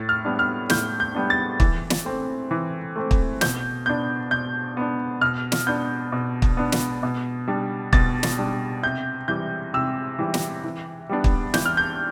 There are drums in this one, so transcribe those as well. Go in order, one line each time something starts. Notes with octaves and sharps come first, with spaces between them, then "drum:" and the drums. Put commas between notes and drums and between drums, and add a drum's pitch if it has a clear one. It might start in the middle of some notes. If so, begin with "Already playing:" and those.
Already playing: A2 A6
F6
G3 B3 D4
F6
A2 G6, drum: snare
G6
G3 B3 D4
A6
E3, drum: kick
drum: snare
A3 C4
E3
A3 C4
drum: kick
B2 G6, drum: snare
B3 D4 G6
B2 G6
B3 D4
B2 F6
drum: snare
B3 D4 G6
B2
drum: kick
B3 D4
drum: snare
B2
G3 D4
B2 A6, drum: kick
drum: snare
G3 D4
C3 G6
E3 G3 G6
C3 E6
E3 G3
drum: snare
E3
G3 B3 D4
drum: kick
E3 G6, drum: snare
F6
G6